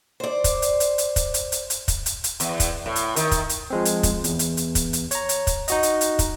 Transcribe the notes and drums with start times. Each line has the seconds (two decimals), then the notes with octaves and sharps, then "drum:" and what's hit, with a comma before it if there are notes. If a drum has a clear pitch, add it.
0.20 C5 D5
0.44 drum: kick, hi-hat
0.62 drum: hi-hat
0.80 drum: hi-hat
0.98 drum: hi-hat
1.16 drum: kick, hi-hat
1.34 drum: hi-hat
1.52 drum: hi-hat
1.70 drum: hi-hat
1.88 drum: kick, hi-hat
2.06 drum: hi-hat
2.24 drum: hi-hat
2.40 E2, drum: hi-hat
2.60 drum: kick, hi-hat
2.86 A2
2.96 drum: hi-hat
3.16 D#3, drum: hi-hat
3.31 drum: kick, hi-hat
3.49 drum: hi-hat
3.70 F3 G#3 C4
3.85 drum: hi-hat
4.03 drum: kick, hi-hat
4.24 E2, drum: hi-hat
4.39 drum: hi-hat
4.57 drum: hi-hat
4.75 drum: kick, hi-hat
4.93 drum: hi-hat
5.11 C#5 A#5, drum: hi-hat
5.29 drum: hi-hat
5.47 drum: kick, hi-hat
5.68 D#4 F#4 D#5, drum: hi-hat
5.83 drum: hi-hat
6.01 drum: hi-hat
6.19 drum: kick, hi-hat